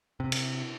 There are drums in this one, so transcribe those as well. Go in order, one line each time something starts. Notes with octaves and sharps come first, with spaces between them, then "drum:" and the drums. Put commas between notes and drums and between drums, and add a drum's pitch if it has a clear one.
C3
drum: cymbal